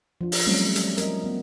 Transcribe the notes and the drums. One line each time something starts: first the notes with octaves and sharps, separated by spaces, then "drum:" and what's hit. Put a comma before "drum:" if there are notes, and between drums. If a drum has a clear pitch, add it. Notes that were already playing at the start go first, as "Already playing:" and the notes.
F3 D4 F4
drum: open hi-hat
F#3 G3 A3 C4 C#4
drum: hi-hat
A#4 D#5, drum: hi-hat
B3